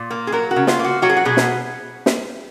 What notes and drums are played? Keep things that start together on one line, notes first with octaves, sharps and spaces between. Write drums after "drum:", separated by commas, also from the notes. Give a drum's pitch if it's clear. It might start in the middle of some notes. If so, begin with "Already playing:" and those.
Already playing: A#2
A#3
G#4
F#3 A#4
F#4
C#3
F4, drum: snare
A#3
F#4
F#3 F#4
G#4
F#4
B2 G#4
drum: snare
drum: snare